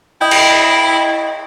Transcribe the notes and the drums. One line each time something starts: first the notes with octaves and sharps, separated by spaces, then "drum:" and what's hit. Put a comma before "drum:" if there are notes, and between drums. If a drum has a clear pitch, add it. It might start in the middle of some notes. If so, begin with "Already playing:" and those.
E4 D#5 G5
drum: cymbal